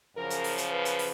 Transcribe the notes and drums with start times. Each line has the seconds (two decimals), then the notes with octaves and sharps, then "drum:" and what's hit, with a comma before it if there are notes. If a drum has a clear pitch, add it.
0.17 F#2 C#3 F3 A#4
0.30 drum: hi-hat
0.44 drum: open hi-hat
0.58 drum: hi-hat
0.71 B4
0.85 drum: hi-hat
0.99 drum: open hi-hat